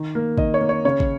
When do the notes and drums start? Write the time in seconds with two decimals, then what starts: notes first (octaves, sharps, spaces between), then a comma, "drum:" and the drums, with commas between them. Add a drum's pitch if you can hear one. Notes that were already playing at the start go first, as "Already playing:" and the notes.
Already playing: D#3
0.15 A#3
0.38 D#3 D#5, drum: kick
0.54 C#5
0.61 A#3
0.69 C#5
0.85 C#3 C#5
1.00 drum: kick